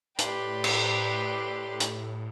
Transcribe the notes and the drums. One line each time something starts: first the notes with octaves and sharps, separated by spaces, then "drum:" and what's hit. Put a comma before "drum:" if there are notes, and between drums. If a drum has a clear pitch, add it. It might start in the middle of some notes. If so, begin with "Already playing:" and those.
A2 G4 B4 D5 C6, drum: hi-hat
drum: cymbal
drum: hi-hat